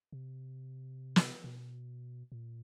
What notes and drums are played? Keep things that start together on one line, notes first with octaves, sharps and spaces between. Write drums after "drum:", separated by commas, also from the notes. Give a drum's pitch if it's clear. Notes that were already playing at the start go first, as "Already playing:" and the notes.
C3
drum: snare
B2
A#2